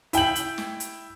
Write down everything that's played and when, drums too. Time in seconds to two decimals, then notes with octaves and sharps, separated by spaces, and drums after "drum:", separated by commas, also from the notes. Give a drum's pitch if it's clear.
0.13 E4 G5 G6 F#7, drum: hi-hat
0.35 drum: hi-hat
0.58 drum: snare
0.80 drum: hi-hat